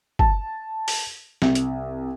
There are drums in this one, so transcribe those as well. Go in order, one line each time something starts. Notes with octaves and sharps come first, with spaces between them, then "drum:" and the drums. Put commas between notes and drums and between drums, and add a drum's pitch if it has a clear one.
A5, drum: kick
drum: open hi-hat
C2, drum: snare
drum: hi-hat